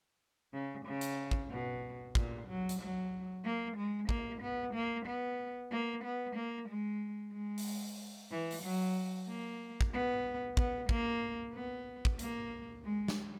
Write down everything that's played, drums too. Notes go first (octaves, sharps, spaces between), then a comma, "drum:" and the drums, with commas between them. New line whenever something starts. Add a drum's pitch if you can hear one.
C#3
C#3
drum: hi-hat
drum: kick
B2
A#2, drum: kick
F#3
drum: hi-hat
F#3
A#3
G#3
A#3, drum: kick
B3
A#3
B3
A#3
B3
A#3
G#3
G#3
drum: open hi-hat
E3
drum: open hi-hat
F#3
A#3
drum: kick
B3
B3, drum: kick
A#3, drum: kick
B3
drum: kick
A#3, drum: hi-hat
G#3
drum: snare